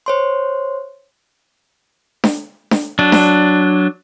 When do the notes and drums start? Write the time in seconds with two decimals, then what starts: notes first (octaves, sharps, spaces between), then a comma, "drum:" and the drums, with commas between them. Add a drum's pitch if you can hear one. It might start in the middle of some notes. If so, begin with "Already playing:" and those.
0.06 C5 C#5 C6
2.24 drum: snare D4
2.71 drum: snare D4
2.99 F#3 D4
3.12 drum: snare D4